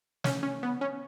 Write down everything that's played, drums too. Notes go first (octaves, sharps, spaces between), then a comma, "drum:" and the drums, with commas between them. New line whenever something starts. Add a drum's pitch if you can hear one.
C#4, drum: snare
C#4
B3
C#4